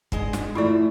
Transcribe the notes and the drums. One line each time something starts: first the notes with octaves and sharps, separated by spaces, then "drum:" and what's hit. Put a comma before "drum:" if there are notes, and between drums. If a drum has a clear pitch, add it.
G2 G#3 D#5, drum: kick
drum: snare
G#2 A3 E4 F4 D5